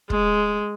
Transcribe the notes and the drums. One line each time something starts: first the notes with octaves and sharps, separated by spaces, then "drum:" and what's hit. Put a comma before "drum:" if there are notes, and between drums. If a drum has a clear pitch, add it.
G#3, drum: kick